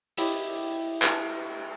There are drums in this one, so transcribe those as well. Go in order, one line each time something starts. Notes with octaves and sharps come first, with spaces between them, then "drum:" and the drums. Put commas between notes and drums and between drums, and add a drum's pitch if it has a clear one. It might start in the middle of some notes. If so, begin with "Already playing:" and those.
E4 G4 D#5, drum: hi-hat
drum: clap